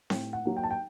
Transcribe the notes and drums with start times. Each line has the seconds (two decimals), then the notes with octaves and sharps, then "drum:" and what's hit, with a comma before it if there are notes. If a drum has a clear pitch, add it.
0.10 A2 G5, drum: snare C4
0.33 F#5
0.45 F#3 A#3
0.57 G5
0.63 A5
0.71 G5